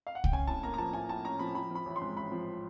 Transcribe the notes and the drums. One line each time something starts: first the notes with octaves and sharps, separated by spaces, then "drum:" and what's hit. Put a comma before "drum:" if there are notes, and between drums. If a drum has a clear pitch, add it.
F5
F#5
G5, drum: kick C2
C#4 G#5
A2 A5
A#3 A#5
A#5
F3 A5
A2 G#5
A2 A5
C#4 A#5
F3 B5
F3 B5
F3 B5
A1
C6
G#2
A1 B5
F3